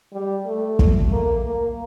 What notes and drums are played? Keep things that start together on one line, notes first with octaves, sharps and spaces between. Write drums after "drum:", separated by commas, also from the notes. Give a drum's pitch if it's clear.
G3
A3
drum: kick
A#3
A#3